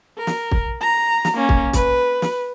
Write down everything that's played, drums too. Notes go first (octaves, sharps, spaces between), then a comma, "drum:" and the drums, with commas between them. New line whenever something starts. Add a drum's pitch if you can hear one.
A#4
drum: snare
drum: kick
A#5
drum: snare
A#3 C#4
drum: kick
B4, drum: kick, hi-hat
drum: snare